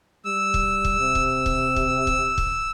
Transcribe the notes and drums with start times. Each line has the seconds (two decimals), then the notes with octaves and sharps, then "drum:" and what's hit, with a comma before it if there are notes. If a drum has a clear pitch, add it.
0.25 G3 E6
0.54 drum: kick
0.85 drum: kick
1.00 C3
1.15 drum: kick
1.46 drum: kick
1.76 drum: kick
2.07 drum: kick
2.38 drum: kick